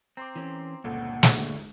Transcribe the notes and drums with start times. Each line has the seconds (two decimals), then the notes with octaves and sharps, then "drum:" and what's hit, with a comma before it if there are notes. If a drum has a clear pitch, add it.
0.17 C4 A#5 C6 D6
0.36 E3 C#4
0.84 G1 C#2 A#2 A4 F#5
1.23 D2, drum: snare